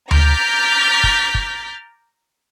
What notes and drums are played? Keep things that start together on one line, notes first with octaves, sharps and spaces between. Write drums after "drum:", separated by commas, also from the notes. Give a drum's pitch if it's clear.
A#5 D6 F6 G6 A6 B6, drum: tom D2
drum: kick
drum: kick